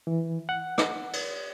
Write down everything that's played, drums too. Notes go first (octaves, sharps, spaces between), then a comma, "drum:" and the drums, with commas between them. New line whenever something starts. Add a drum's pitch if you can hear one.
E3
F#5
drum: rim click
drum: cymbal